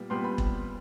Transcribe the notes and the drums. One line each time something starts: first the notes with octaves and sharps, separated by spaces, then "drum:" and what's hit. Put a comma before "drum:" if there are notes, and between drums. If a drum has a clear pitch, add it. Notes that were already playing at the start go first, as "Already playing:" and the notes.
Already playing: A#2 G3 B3
A#2 G3 B3 C6
B5
drum: kick E1